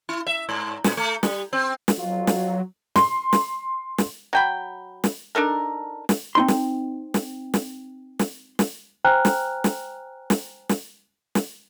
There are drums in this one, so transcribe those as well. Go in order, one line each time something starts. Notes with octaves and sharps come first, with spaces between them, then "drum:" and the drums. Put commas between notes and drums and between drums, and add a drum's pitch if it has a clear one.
E4
E5
G#2
A#2, drum: snare
A3
G3, drum: snare
C4
drum: snare
B1 F2 F#3 F4
drum: snare
C6, drum: snare
drum: snare
drum: snare
F#3 G5 B5
drum: snare
D4 D#4 A4 A#4
drum: snare
C4 D#4 C6
drum: snare
drum: snare
drum: snare
drum: snare
drum: snare
C5 G5 G#5 A#5 F6 F#6
drum: snare
drum: snare
drum: snare
drum: snare
drum: snare